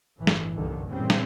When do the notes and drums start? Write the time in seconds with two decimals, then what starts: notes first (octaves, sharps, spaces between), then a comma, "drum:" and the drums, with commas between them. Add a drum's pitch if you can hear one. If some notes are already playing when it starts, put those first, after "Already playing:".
0.18 G1 A2 E3
0.27 drum: snare
0.55 F#1 C2 G2 D3 D#3
0.89 A#2 C#3 E3 G3 C4 C#4
1.10 drum: snare